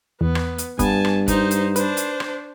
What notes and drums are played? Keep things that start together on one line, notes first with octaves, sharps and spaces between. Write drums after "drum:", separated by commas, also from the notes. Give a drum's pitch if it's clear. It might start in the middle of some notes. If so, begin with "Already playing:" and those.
E2 B3
drum: rim click
drum: hi-hat
G2 B3 G#5 A5, drum: kick F#1, hi-hat
drum: rim click
D#4 C5, drum: kick F#1, hi-hat
drum: hi-hat
D4 B4 C5, drum: hi-hat
drum: hi-hat
drum: rim click